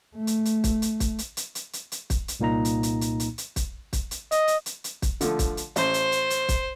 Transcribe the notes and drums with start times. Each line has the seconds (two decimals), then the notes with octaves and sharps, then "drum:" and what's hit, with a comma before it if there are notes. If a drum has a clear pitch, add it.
0.16 A3
0.27 drum: hi-hat
0.45 drum: hi-hat
0.64 drum: kick, hi-hat
0.82 drum: hi-hat
1.00 drum: kick, hi-hat
1.19 drum: hi-hat
1.37 drum: hi-hat
1.55 drum: hi-hat
1.73 drum: hi-hat
1.92 drum: hi-hat
2.10 drum: kick, hi-hat
2.28 drum: hi-hat
2.40 C2 A#2 A#3 D#4 A#5
2.65 drum: hi-hat
2.83 drum: hi-hat
3.01 drum: hi-hat
3.20 drum: hi-hat
3.38 drum: hi-hat
3.56 drum: kick, hi-hat
3.93 drum: kick, hi-hat
4.11 drum: hi-hat
4.31 D#5, drum: hi-hat
4.48 drum: hi-hat
4.66 drum: hi-hat
4.84 drum: hi-hat
5.02 drum: kick, hi-hat
5.21 D3 F3 A3, drum: hi-hat
5.39 drum: kick, hi-hat
5.57 drum: hi-hat
5.76 A1 C5, drum: hi-hat
5.94 drum: hi-hat
6.12 drum: hi-hat
6.30 drum: hi-hat
6.49 drum: kick, hi-hat